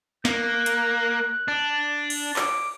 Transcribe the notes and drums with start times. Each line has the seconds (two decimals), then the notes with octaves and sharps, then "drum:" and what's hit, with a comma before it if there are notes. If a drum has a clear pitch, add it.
0.25 A#3 F#6, drum: snare
0.66 drum: hi-hat
1.48 D4
2.10 drum: cymbal
2.36 D6, drum: clap